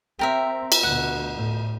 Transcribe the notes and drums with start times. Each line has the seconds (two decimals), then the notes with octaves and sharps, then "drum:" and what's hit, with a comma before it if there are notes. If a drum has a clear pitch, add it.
0.19 C4 G4 A#4 E5
0.72 drum: cymbal
0.83 D2 B2 F#5
1.33 A2